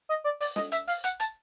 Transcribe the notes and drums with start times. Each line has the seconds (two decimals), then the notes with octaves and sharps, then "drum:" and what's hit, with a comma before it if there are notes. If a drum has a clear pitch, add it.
0.09 D#5
0.24 D5
0.40 D5, drum: open hi-hat
0.56 D#5, drum: snare
0.72 E5, drum: hi-hat
0.87 F5, drum: open hi-hat
1.04 F#5, drum: hi-hat
1.20 A5, drum: hi-hat